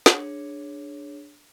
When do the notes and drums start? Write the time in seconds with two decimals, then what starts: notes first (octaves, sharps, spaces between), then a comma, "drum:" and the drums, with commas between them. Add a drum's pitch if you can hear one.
0.06 D4 G#4 C#5, drum: snare